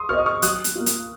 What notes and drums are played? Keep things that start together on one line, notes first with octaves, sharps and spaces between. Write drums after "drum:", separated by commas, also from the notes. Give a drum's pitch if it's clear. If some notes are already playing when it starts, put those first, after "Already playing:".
Already playing: C6 D#6
F#4 C5 D#5 C#6 F6
D#6
C#6 F6
F#3 D#6 F#6, drum: hi-hat
drum: hi-hat
A#3 F4
drum: hi-hat